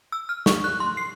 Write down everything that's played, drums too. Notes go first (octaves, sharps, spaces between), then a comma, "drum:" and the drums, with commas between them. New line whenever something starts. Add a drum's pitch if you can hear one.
E6
F6
C#6, drum: snare
F#6
C6
C7